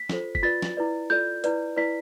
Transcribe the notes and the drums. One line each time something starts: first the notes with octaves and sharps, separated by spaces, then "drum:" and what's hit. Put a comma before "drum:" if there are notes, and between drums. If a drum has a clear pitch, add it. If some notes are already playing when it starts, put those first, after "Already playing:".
Already playing: B6
F4 A4 C5, drum: snare
B6, drum: kick
F4 B4 D5 A6
drum: snare
E4 B4 D5
F4 A4 D5 G6
E4 B4 D5, drum: hi-hat
E4 B4 D5 B6